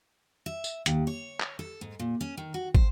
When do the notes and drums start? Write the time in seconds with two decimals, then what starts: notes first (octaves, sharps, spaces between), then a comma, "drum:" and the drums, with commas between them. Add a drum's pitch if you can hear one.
0.46 E5
0.64 drum: tambourine
0.86 D#2, drum: hi-hat
1.07 C#5
1.40 drum: clap
1.59 A4
1.81 G#2
1.99 A#2
2.21 C#4
2.37 D#3
2.54 F#4
2.75 C5, drum: kick